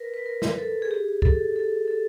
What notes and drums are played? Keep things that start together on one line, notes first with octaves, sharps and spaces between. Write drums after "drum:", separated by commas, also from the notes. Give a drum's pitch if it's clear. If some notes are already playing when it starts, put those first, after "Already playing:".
Already playing: A#4 B4
B4
A#4
drum: snare
A4
G#4
G4
A4, drum: kick C2
A4
A4